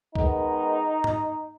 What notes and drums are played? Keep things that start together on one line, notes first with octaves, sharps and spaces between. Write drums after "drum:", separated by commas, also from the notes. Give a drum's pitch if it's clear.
D#3 G#3 B3 D#4, drum: kick
drum: tom